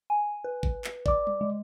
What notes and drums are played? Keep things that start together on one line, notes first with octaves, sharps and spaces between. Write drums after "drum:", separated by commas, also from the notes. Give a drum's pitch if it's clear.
G#5
B4
drum: kick
drum: clap
D5 D6, drum: kick
drum: tom G3
G#3